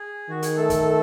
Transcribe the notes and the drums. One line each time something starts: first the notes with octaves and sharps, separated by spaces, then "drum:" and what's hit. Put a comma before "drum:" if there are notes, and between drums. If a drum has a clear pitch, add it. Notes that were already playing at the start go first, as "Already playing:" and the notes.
Already playing: G#4
D#3 F#4
G#4, drum: hi-hat
A3 A4
drum: kick, hi-hat